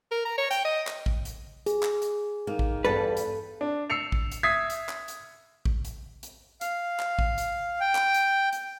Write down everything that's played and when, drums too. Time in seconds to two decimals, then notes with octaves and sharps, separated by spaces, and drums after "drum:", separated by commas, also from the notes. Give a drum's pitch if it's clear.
0.11 A#4
0.25 A#5
0.38 C#5
0.51 G5, drum: hi-hat
0.65 D#5
0.87 drum: clap
1.06 drum: kick A1
1.25 drum: hi-hat
1.66 G#4, drum: hi-hat
1.83 drum: clap
2.02 drum: hi-hat
2.47 D#3 A#3
2.59 drum: kick A1
2.85 E2 G2 A4 B4
3.17 drum: hi-hat
3.61 D4
3.90 E6 C7 C#7 F7
4.12 drum: kick A1
4.32 drum: hi-hat
4.43 E5 D#6 G#6 B6 C7
4.70 drum: hi-hat
4.89 drum: clap
5.08 drum: hi-hat
5.65 drum: kick A1
5.85 drum: hi-hat
6.23 drum: hi-hat
6.61 F5, drum: hi-hat
6.99 drum: clap
7.19 drum: kick A1
7.38 drum: hi-hat
7.80 G5
7.95 drum: clap
8.14 drum: hi-hat
8.53 drum: hi-hat